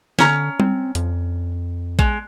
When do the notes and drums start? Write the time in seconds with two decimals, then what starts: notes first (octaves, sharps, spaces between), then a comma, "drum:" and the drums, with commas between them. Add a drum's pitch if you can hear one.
0.19 D3 C#4 A#5, drum: snare
0.60 C4, drum: tom G3
0.95 F2, drum: hi-hat
1.99 G#3, drum: kick A#1